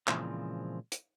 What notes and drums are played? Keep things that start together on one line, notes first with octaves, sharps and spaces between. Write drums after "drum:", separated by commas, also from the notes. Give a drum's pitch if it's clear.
A#2 C#3 E3 F3 G#3 C4, drum: clap
drum: hi-hat